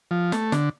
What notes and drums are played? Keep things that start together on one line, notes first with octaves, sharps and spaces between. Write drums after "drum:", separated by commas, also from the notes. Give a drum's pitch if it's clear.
F3
A3, drum: snare
D3, drum: snare